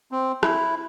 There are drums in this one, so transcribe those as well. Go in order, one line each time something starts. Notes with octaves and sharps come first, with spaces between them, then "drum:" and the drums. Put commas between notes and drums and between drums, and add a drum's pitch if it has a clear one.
C4
E4, drum: rim click